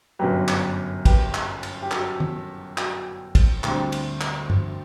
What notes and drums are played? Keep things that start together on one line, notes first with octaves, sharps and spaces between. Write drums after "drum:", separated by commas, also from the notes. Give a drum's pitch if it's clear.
G1 F#2 F#3 G4 B4
drum: clap
G4 B4, drum: kick, cymbal
drum: clap
drum: cymbal
G4
F#4 A4, drum: clap
drum: tom
F#4, drum: clap
drum: kick, cymbal
D2 D3 G3 C4, drum: clap
drum: cymbal
drum: clap
drum: tom G2